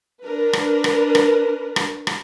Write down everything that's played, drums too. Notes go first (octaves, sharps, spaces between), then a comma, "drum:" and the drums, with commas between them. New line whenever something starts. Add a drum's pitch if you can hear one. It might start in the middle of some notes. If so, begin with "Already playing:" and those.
D4 A#4 B4
drum: rim click
drum: rim click
drum: rim click
drum: rim click
drum: rim click